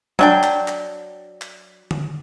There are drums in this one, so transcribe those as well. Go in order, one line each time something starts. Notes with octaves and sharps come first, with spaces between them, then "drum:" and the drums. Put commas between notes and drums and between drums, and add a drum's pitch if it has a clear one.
F#3 D4 G5, drum: tom F#3
drum: clap
drum: clap
drum: clap
drum: tom D3